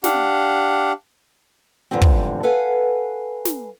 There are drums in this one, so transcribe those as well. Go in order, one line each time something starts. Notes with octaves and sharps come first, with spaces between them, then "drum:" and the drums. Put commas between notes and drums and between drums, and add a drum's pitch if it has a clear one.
D4 G4 F5 F#5, drum: snare
E2 G#2 D3 F3 G3 C4
drum: kick
A4 B4 F5 F#5 G#5
drum: snare